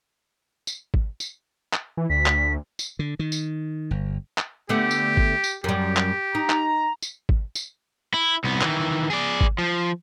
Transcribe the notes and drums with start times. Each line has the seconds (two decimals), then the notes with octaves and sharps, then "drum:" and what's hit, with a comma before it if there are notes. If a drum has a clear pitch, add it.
0.67 drum: tambourine
0.94 drum: kick G#1
1.20 drum: tambourine
1.73 drum: clap
1.97 E3
2.10 D2 B6
2.26 drum: clap
2.79 drum: tambourine
2.99 D3
3.19 D#3
3.32 drum: tambourine
3.91 G1
4.38 drum: clap
4.69 D3 A3 B3 G4
4.91 drum: tambourine
5.17 drum: kick G#1
5.44 drum: tambourine
5.64 F#2 G3 G4
5.97 drum: clap
6.35 D#4 A#5
6.50 drum: clap
7.02 drum: tambourine
7.29 drum: kick G#1
7.55 drum: tambourine
8.14 E4
8.44 C2 B3
8.61 D#3 E3, drum: clap
9.10 G#4 D5
9.41 drum: kick G#1
9.58 F3